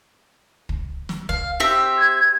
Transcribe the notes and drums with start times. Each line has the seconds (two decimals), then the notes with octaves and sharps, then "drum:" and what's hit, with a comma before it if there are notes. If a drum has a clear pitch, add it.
0.69 drum: kick
1.09 drum: snare
1.29 F5, drum: kick
1.60 C4 G4 E5
1.97 G#6